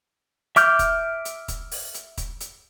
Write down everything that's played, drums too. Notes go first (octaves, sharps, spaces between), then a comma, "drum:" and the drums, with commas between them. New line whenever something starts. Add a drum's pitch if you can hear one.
E5 D6 F6 G6, drum: hi-hat
drum: kick, hi-hat
drum: hi-hat
drum: kick, hi-hat
drum: open hi-hat
drum: hi-hat
drum: kick, hi-hat
drum: hi-hat